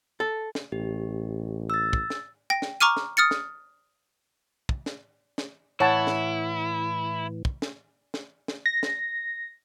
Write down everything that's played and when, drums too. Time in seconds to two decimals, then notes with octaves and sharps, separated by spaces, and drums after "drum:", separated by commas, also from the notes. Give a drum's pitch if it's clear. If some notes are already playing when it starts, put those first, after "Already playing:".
0.20 A4
0.55 drum: snare
0.72 A1 G4
1.70 E6 A6
1.93 drum: kick
2.10 drum: snare
2.50 G5 A#6
2.62 drum: snare
2.80 A#5 C#6 D6 F6 D#7
2.97 drum: snare
3.17 D#6 F6 A6 C#7
3.31 drum: snare
4.69 drum: kick
4.86 drum: snare
5.38 drum: snare
5.80 A2 E3 E4 C#5 F#5 A5
6.07 drum: snare
7.45 drum: kick
7.62 drum: snare
8.14 drum: snare
8.48 drum: snare
8.66 A#6
8.83 drum: snare